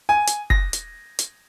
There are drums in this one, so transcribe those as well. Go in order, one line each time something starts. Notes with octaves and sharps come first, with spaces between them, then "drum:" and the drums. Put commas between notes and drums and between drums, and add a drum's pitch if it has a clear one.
G#5
drum: hi-hat
A#6, drum: kick
drum: hi-hat
drum: hi-hat